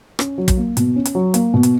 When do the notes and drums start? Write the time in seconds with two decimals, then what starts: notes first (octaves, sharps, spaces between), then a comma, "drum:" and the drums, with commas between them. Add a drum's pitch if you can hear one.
0.19 C#4, drum: rim click
0.38 F#3
0.48 drum: kick, hi-hat
0.57 A#3
0.77 B2, drum: hi-hat
0.96 C#4
1.05 drum: hi-hat
1.15 F#3
1.34 A#3, drum: hi-hat
1.54 B2
1.63 drum: hi-hat